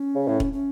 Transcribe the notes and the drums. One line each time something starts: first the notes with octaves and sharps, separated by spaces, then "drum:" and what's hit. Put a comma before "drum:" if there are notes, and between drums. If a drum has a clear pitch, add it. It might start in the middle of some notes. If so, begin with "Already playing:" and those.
Already playing: C#4
C#3
A2
drum: kick E1
C#4